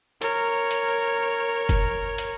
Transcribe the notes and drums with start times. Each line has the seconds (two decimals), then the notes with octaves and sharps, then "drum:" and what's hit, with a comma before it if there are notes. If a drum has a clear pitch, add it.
0.22 A#4 C#5, drum: hi-hat
0.71 drum: hi-hat
1.69 drum: kick F1, hi-hat
2.18 drum: hi-hat